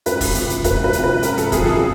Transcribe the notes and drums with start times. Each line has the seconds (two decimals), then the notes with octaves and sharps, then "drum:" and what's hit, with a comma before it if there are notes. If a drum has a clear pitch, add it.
0.06 C#2 B4, drum: hi-hat
0.21 drum: kick, open hi-hat
0.35 C3 F3, drum: hi-hat
0.50 drum: hi-hat
0.64 C#2 B4, drum: kick, hi-hat
0.84 B4
0.93 C3 F3, drum: hi-hat
1.04 B4
1.23 C#2 A#4, drum: hi-hat
1.38 A4, drum: hi-hat
1.52 C3 F3 G#4, drum: kick, hi-hat
1.66 A4, drum: snare